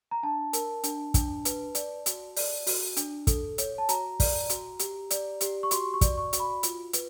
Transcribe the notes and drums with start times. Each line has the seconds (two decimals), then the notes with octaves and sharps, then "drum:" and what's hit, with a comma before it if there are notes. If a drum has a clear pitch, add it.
0.11 A#5
0.23 D4 A5
0.53 A#4, drum: hi-hat
0.83 D4, drum: hi-hat
1.14 D4, drum: kick, hi-hat
1.45 B4, drum: hi-hat
1.75 D5, drum: hi-hat
2.06 F#4, drum: hi-hat
2.36 D5, drum: open hi-hat
2.67 F#4, drum: open hi-hat
2.97 D4, drum: hi-hat
3.27 A4, drum: kick, hi-hat
3.58 C#5, drum: hi-hat
3.78 A5
3.89 F#4 A#5, drum: hi-hat
4.20 D5, drum: kick, open hi-hat
4.49 F#4, drum: hi-hat
4.79 G4, drum: hi-hat
5.10 D5, drum: hi-hat
5.41 G4, drum: hi-hat
5.63 C#6
5.71 F#4 C6, drum: hi-hat
5.94 C#6
6.01 D5, drum: kick, hi-hat
6.17 C#6
6.33 F#4, drum: hi-hat
6.40 B5
6.63 F4, drum: hi-hat
6.93 B4, drum: hi-hat